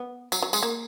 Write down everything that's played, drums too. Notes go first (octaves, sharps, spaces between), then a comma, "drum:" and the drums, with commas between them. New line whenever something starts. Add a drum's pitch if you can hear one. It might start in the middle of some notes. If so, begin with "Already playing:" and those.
Already playing: B3
F#3, drum: tambourine
F#3
G#3, drum: tambourine
A#3